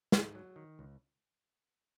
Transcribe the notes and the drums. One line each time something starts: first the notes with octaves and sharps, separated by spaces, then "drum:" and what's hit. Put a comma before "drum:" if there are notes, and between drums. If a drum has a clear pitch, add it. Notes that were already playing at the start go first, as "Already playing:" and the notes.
G#2, drum: snare
F#3
D#3
C#2